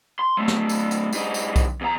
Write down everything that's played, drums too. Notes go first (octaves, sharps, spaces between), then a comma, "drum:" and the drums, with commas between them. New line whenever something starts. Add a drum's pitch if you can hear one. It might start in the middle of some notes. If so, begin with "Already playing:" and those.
C6
F#3 A3
drum: snare
drum: tambourine
drum: tambourine
G2 D#4, drum: tambourine
drum: tambourine
drum: kick B1, tambourine
E2 A#5